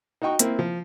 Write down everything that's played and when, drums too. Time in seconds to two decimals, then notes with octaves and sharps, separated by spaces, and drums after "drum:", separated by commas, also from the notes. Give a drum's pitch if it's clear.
0.22 D#4 F#4 D#5 G5 C#6
0.39 A#3 C4 E4, drum: hi-hat
0.59 F3